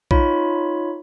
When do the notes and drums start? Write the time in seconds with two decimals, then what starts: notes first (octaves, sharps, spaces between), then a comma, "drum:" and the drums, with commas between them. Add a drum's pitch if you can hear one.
0.11 D#4 F4 C#5 B5, drum: kick A#1